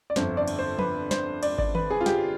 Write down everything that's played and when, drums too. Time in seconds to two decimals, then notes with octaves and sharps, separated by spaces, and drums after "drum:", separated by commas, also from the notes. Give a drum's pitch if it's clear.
0.10 D5
0.16 G1 F2 D3 C5, drum: snare
0.37 D5
0.48 drum: cymbal
0.59 C5
0.79 B4, drum: tom F3
1.11 C5, drum: snare
1.43 D5, drum: cymbal
1.58 D5, drum: kick G#1
1.75 B4, drum: tom D#3
1.90 G#4
2.01 F4
2.06 G4, drum: snare